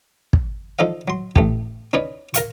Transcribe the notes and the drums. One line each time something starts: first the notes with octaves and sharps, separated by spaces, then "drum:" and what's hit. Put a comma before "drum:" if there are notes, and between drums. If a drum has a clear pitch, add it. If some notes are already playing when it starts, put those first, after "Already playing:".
drum: kick
F3 D#4 A4 D5 F5
F#3 C6
A1 A3 G4, drum: kick
C#4 D#4 B4 C#5 D5
A#4 F5 C#6, drum: hi-hat